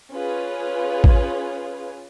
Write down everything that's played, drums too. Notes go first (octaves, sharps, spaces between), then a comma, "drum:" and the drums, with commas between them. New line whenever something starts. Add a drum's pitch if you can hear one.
C#4 F4 G#4 B4
drum: kick A1